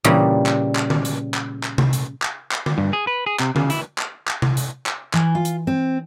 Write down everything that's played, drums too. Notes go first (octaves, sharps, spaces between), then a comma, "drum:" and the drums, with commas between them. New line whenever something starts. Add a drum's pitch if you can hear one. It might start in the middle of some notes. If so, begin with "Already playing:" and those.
A#2 C#3 E3 G3
drum: clap
drum: clap
drum: tom D3
drum: hi-hat
drum: clap
drum: clap
drum: tom C3
drum: hi-hat
drum: clap
drum: clap
drum: tom D3
G2
G#4
B4
G#4
C3, drum: clap
C#3, drum: tom D3
E4, drum: hi-hat
drum: clap
drum: clap
drum: tom C3
drum: hi-hat
drum: clap
E3, drum: clap
F4
drum: hi-hat
C4